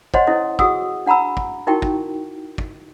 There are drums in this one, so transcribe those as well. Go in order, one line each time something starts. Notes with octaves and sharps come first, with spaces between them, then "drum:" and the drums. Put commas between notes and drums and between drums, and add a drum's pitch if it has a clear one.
C5 C#5 D#5 F#5 C6, drum: kick
C#4 E4 A4 D#5
F#4 G#4 F#5 D#6 E6, drum: kick
D4 F#5 A#5 B5 E6
drum: kick
D#4 E4 F#4 A#4 G5 C#6
drum: kick
drum: kick